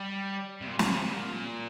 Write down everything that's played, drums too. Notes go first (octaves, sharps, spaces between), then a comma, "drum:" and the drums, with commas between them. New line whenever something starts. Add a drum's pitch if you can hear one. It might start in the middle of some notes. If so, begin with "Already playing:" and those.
Already playing: G3
C3
A#2
A#2, drum: snare
C3
A#2